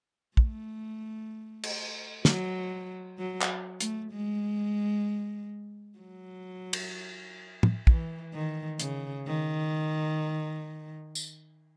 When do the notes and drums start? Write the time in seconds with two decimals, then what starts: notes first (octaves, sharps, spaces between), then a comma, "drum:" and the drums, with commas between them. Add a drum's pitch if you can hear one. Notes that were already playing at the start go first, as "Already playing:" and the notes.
0.37 A3, drum: kick
1.63 drum: cymbal
2.25 F#3, drum: snare
3.19 F#3
3.41 drum: clap
3.81 A3, drum: hi-hat
4.11 G#3
5.99 F#3
6.73 drum: cymbal
7.63 drum: tom
7.87 E3, drum: kick
8.34 D#3
8.80 C#3, drum: hi-hat
9.27 D#3
11.15 drum: tambourine